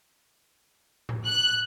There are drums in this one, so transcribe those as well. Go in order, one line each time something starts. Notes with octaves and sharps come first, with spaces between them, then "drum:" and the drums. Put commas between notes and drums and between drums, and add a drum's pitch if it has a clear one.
drum: tom A2
F#6